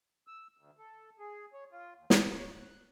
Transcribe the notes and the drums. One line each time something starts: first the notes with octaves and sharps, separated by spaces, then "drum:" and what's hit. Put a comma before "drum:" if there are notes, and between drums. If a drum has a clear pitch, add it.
E6
D2
A4
G#4
C#5
F4
D#2
B3, drum: snare
C#5
F#6